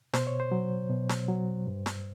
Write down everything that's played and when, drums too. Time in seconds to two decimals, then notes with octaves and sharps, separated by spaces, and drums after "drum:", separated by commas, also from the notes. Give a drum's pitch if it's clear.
0.13 B2 C5, drum: snare
0.27 C#5
0.40 C5
0.52 F#3
0.90 B2
1.09 drum: snare
1.28 F#3
1.67 G2
1.86 drum: snare